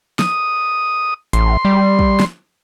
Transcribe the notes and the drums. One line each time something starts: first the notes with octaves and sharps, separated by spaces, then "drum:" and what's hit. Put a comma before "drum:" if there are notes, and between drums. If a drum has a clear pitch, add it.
D#6, drum: snare
A1 C6, drum: hi-hat
G3
drum: kick
drum: snare